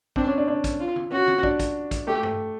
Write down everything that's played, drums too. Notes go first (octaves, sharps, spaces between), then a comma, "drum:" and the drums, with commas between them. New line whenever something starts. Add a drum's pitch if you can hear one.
C4 D4, drum: kick
C#4
D4
D4
drum: kick, hi-hat
F4
drum: tom D#3
C#4 F#4
drum: tom D#3
D4, drum: kick
drum: kick, hi-hat
drum: kick, hi-hat
A3 G4
drum: tom G2